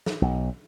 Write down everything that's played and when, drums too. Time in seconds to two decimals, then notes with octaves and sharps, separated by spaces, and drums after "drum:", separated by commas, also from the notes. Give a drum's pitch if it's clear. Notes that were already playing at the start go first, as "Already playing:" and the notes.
0.06 drum: snare
0.22 B1